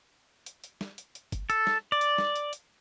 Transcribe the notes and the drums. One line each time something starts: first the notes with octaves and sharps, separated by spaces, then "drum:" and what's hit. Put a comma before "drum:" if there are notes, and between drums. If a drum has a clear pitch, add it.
drum: hi-hat
drum: hi-hat
drum: snare
drum: hi-hat
drum: hi-hat
drum: kick, hi-hat
A4, drum: hi-hat
drum: snare
D5
drum: hi-hat
drum: snare
drum: hi-hat
drum: hi-hat